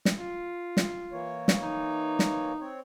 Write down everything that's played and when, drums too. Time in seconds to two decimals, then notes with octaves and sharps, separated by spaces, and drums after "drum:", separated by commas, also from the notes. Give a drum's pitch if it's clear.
0.05 drum: snare
0.18 F4
0.77 drum: snare
1.12 E3 A#3 C#5
1.48 drum: snare
1.63 D#4
2.19 drum: snare
2.61 C4 C#5